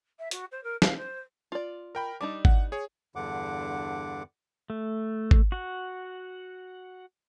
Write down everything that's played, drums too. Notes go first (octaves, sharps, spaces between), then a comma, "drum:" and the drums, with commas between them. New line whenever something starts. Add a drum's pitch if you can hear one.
E5
F#4, drum: hi-hat
C5
A#4
F5, drum: snare
C5
F4 D5
A#4 G5 B5
G3 D4 D#4 D6
F#5, drum: kick G#1
G#4 C#5
E2 G2 D3 F#5 D6
A3
drum: kick G#1
F#4 F#5